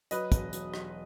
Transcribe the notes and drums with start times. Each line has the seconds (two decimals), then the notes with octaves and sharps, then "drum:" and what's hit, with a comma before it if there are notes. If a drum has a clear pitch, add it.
0.11 F#3 B4 D#5, drum: hi-hat
0.32 E1, drum: kick, hi-hat
0.53 F#3, drum: hi-hat
0.74 F#3, drum: rim click